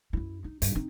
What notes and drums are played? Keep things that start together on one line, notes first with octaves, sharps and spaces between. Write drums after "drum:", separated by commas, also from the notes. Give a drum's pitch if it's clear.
F#2 E4
D#4
G2, drum: hi-hat
C4 D#4